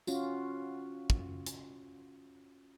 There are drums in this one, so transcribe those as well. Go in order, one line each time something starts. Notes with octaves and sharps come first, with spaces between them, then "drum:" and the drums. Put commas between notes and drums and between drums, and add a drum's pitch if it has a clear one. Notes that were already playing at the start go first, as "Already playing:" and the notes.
C#4 F4 F#4, drum: tambourine
drum: kick
drum: hi-hat